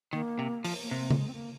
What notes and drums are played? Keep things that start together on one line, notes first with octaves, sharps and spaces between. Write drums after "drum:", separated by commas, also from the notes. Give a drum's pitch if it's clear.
D#3 A#3
C3
F3, drum: open hi-hat
A#3
C3
A#3
A#3, drum: tom C#3
G#3
C4
A#3